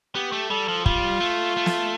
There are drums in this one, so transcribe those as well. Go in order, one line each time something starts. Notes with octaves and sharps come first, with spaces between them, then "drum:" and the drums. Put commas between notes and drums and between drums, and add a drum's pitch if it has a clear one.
B3 G4
A3
G3 A4
F3
G3 F4, drum: kick
A3
A3
drum: snare